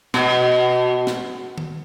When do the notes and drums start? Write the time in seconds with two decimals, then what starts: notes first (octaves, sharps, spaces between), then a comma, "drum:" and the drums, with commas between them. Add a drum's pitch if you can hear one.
0.14 B2, drum: snare
1.07 drum: snare
1.58 drum: tom D#3